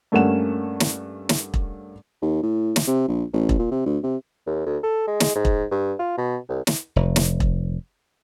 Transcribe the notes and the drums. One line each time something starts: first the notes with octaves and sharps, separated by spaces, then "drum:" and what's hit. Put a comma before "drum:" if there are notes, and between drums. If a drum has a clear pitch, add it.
G2 A3 A#3 C#4 F#5 E7
drum: snare
drum: snare
drum: kick E1
D#2
A2
drum: snare
C3
A#1
A1
drum: kick E1
A#2
C3
D2
C3
D#2
D2
A4
G#3
drum: snare
G#2
drum: kick E1
G2
F4
B2
C2
drum: snare
F1
drum: snare
drum: kick E1